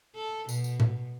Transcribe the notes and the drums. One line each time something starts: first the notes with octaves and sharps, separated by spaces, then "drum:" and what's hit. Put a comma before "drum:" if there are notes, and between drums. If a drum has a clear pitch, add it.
A4
B2, drum: tambourine
drum: tambourine
drum: tom A2